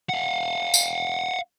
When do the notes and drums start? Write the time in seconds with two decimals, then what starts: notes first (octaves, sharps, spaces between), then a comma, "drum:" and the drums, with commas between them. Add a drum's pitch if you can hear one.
0.09 F5 F#5
0.74 drum: tambourine